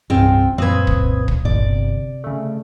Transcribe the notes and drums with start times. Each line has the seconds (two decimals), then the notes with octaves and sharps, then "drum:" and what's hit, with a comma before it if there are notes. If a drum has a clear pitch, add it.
0.10 D1 C2 G2 C4 F4 G#4 G5
0.58 F#2 A#2 C4 B4 D#6 G#6
0.87 drum: kick
1.28 drum: kick
1.45 G1 A#2 D5
1.69 C3
2.24 C#3 A3